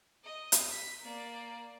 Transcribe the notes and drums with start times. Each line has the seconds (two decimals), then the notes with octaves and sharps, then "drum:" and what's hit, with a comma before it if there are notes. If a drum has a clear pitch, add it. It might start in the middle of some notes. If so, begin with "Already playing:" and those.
0.24 D#5
0.52 drum: hi-hat
0.70 B6
1.01 A#3 D5